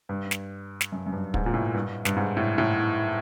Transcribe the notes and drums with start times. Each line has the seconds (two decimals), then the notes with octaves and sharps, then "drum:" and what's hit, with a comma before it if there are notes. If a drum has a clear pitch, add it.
0.09 G2
0.31 drum: snare
0.81 drum: snare
0.92 F#2
1.07 F#2
1.12 G2
1.34 G#2, drum: kick
1.46 A#2
1.54 A2
1.74 G2
2.05 G2, drum: snare
2.17 G#2
2.37 A2
2.58 A2